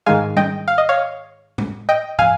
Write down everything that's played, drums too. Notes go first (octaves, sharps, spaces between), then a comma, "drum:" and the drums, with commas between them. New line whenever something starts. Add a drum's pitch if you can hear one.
G#2 D#3 G#3 F5 G#5
D#5 G5, drum: tom
F5
D#5
C#5 F5
drum: tom A2
D#5 G5
F5 G#5, drum: tom